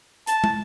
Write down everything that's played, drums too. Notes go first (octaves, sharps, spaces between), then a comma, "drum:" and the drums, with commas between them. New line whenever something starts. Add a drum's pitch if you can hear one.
A5, drum: hi-hat
drum: tom